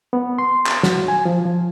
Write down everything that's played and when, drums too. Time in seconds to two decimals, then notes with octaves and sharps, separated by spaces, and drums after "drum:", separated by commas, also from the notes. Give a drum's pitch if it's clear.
0.13 B3
0.38 C6
0.66 drum: clap
0.83 F#4, drum: snare
1.08 G#5
1.25 F3
1.46 F3